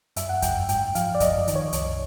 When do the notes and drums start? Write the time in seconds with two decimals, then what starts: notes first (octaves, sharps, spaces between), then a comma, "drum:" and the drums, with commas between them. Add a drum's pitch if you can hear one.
0.16 F#2 E5, drum: hi-hat
0.29 F#5
0.42 F#2 G5, drum: kick, hi-hat
0.69 G#2 G5, drum: hi-hat
0.95 F3 F5, drum: hi-hat
1.15 D5
1.20 F#2 D#5, drum: kick, hi-hat
1.39 D5
1.48 D#3, drum: hi-hat
1.55 C#5
1.73 C2, drum: hi-hat